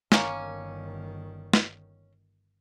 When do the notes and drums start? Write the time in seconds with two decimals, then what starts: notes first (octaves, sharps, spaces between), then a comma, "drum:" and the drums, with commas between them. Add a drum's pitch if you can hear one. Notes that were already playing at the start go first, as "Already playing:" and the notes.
0.12 G1 D#3 A#3 C#4, drum: snare
1.53 drum: snare